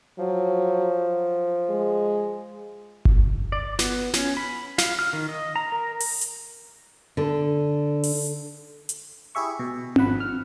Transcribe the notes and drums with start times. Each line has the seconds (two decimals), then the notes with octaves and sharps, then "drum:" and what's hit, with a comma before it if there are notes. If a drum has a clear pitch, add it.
0.19 F3 F#3
1.70 G#3
3.05 drum: kick G1
3.52 D5
3.79 B3, drum: snare
4.14 C#4, drum: snare
4.37 B5
4.78 F5, drum: snare
4.99 F6
5.13 D#3
5.29 D#5
5.56 A#5
5.72 A#4
6.00 drum: open hi-hat
6.21 drum: hi-hat
7.17 D3
8.04 drum: open hi-hat
8.89 drum: hi-hat
9.35 E4 G4 G#4 E5 C#6
9.60 B2
9.96 G#1 F3 F#5 B5, drum: tom C4
10.20 F6